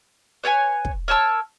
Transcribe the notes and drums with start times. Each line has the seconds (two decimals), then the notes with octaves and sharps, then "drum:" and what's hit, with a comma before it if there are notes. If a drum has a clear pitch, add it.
0.44 B4 C#5 F#5 G#5
0.85 drum: kick
1.08 A#4 C#5 A5 E6